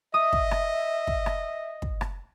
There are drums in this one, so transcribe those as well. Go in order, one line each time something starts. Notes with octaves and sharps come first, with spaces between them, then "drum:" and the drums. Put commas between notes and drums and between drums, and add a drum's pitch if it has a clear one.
D#5 E5 D#6
drum: kick
drum: rim click
drum: kick
drum: rim click
drum: kick
drum: rim click